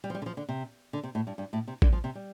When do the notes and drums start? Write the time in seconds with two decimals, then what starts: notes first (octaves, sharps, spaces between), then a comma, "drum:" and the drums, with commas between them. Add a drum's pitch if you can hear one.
0.04 G3
0.10 F3
0.15 G3
0.22 D3
0.26 F3
0.37 D3
0.49 C3
0.93 D3
1.03 C3
1.15 A2
1.27 G2
1.38 G2
1.53 A2
1.68 C3
1.82 D3, drum: kick A1
1.92 F3
2.04 C3
2.15 G3